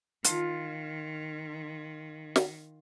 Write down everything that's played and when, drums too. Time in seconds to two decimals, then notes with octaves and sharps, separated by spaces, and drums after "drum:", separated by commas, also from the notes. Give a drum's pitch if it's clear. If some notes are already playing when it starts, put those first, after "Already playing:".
0.25 D#3 F4, drum: hi-hat
2.36 drum: snare